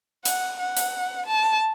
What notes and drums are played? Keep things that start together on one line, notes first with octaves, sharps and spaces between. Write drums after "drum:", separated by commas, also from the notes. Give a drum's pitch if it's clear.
F#5, drum: hi-hat
F#5
drum: hi-hat
A5